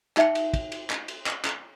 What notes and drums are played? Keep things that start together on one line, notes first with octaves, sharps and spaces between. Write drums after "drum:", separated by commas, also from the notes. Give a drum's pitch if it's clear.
D#4 E5 G5, drum: clap
drum: cymbal
drum: kick, cymbal
drum: cymbal
drum: clap
drum: cymbal
drum: clap
drum: clap